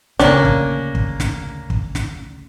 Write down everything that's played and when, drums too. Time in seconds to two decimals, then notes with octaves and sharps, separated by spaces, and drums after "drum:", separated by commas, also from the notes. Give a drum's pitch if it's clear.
0.20 D2 C#3 A#3 C#4 D4, drum: snare
0.45 drum: kick
0.95 drum: kick
1.20 drum: snare
1.70 drum: kick
1.95 drum: snare